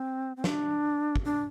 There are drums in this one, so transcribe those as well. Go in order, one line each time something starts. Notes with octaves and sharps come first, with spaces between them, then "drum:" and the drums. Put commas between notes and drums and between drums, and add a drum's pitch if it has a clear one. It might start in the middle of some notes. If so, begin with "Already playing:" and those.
Already playing: C4
C4
D4, drum: snare
drum: kick
D4